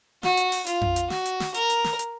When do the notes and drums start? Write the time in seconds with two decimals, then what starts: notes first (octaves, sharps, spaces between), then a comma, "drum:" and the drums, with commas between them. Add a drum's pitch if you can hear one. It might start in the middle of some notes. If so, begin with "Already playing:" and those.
0.23 F#4, drum: snare
0.37 drum: hi-hat
0.52 drum: open hi-hat
0.67 F4, drum: hi-hat
0.81 drum: tom F2
0.96 drum: hi-hat
1.10 F#4, drum: snare
1.26 drum: hi-hat
1.40 drum: snare
1.54 A#4, drum: hi-hat
1.70 drum: hi-hat
1.84 drum: snare
1.99 drum: hi-hat